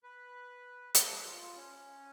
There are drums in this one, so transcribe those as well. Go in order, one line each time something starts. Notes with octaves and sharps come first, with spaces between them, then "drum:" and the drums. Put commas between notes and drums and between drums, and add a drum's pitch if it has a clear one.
B4
B4, drum: hi-hat
A4
B4
F4
C#4